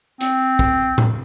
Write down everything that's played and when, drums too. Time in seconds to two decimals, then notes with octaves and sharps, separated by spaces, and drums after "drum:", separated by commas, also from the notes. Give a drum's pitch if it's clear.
0.21 C4, drum: hi-hat
0.59 drum: kick
0.98 drum: tom A2